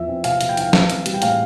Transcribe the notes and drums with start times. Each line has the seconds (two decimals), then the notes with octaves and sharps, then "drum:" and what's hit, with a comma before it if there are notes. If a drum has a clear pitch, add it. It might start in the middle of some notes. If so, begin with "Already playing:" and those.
Already playing: E2 F3 E4 E5
0.08 C4
0.24 C3 F5, drum: hi-hat
0.41 F3, drum: hi-hat
0.49 G5
0.57 E4 F5, drum: hi-hat
0.73 E3, drum: snare
0.90 C4, drum: hi-hat
1.06 G3, drum: hi-hat
1.14 G5
1.22 A2 F5, drum: hi-hat